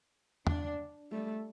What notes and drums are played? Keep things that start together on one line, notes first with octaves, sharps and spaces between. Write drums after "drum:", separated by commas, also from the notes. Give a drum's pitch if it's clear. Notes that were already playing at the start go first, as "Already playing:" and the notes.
D4, drum: tom E2
G3 A3